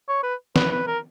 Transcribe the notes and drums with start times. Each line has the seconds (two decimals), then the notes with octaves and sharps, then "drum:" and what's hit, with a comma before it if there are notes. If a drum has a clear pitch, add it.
0.08 C#5
0.23 B4
0.56 B4, drum: snare
0.71 B4
0.87 A#4